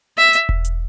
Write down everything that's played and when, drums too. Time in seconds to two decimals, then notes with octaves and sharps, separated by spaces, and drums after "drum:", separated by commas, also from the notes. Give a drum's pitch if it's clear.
0.17 E5
0.33 drum: hi-hat
0.49 drum: kick E1
0.65 drum: hi-hat